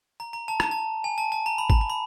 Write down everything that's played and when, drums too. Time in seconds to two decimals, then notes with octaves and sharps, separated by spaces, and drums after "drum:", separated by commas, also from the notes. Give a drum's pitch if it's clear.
0.20 A#5
0.33 A#5
0.48 A5
0.60 A#5, drum: rim click
0.71 A5
1.04 G#5
1.18 A5
1.32 A5
1.46 A#5
1.58 B5
1.70 A#5, drum: kick G#1
1.81 A#5
1.90 B5